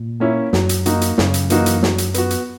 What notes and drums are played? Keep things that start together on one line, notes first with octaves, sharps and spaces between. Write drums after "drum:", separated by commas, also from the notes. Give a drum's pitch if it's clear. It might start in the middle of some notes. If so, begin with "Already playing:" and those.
Already playing: A#2
A#3 C#4 E4
F#2 F#3, drum: snare
drum: hi-hat
A#3 D#4 F#4, drum: hi-hat
drum: hi-hat
F#2 C#3, drum: snare
drum: hi-hat
E3 A#3 D#4 F#4, drum: hi-hat
drum: hi-hat
F#3, drum: snare
drum: hi-hat
B3 F#4, drum: hi-hat
drum: hi-hat